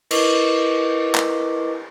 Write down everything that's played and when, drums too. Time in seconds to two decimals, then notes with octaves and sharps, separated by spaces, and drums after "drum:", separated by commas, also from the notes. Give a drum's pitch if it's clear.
0.11 E4 A#4 B4 D#5 C#6 D6, drum: cymbal
1.15 drum: clap